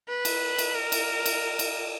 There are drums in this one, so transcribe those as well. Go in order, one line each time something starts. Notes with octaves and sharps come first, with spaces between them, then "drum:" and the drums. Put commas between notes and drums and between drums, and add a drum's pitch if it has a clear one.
B4
drum: cymbal
drum: cymbal
A#4
drum: cymbal
drum: cymbal
drum: cymbal